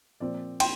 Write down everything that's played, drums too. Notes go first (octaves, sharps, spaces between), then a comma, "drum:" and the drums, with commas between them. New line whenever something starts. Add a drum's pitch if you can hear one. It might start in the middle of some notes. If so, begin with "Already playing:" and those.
A#2 F3 C4 D5
G5 C6, drum: cymbal